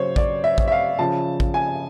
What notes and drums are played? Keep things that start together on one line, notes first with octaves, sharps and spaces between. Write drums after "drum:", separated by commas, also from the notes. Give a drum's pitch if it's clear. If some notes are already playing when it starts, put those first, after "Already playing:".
Already playing: C#3 F#3 C5 C#5
D5, drum: kick A1
E5
drum: kick A1
E5
F5
C#3 F3 A5
drum: kick A1
G#5